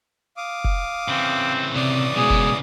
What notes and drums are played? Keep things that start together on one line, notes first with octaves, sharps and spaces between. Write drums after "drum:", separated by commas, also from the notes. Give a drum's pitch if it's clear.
F5 D6 D#6
drum: kick F1
C#3 E3 C4
C3 D5 D#6
B2 G#3 G#4
drum: kick F1